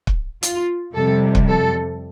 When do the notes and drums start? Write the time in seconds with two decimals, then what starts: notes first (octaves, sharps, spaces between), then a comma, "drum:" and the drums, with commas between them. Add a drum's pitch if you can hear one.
0.07 drum: kick
0.43 F4, drum: hi-hat
0.95 F2 C3 G3 A4
1.35 drum: kick
1.48 A4